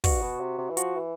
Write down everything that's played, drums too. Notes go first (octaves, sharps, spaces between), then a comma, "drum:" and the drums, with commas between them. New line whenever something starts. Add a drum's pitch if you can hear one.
G2 F#4, drum: kick, open hi-hat
B2
C3
C3
E3
F3 F#4, drum: hi-hat
E3